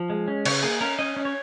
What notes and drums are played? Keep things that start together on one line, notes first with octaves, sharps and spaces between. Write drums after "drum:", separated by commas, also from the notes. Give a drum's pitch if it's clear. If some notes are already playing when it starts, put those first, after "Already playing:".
Already playing: F3
G#3
C#4
C#3 C#5, drum: cymbal
A#3 G#4
C#4 A#4
C#4 D#5
C#4
C#5